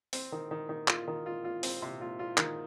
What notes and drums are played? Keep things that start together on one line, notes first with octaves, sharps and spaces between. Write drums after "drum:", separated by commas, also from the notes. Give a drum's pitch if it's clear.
C4, drum: open hi-hat
D#3
D#3
D#3
F4, drum: clap
D#3
F4
F4
C4, drum: open hi-hat
C3
F4
F4
D#3, drum: clap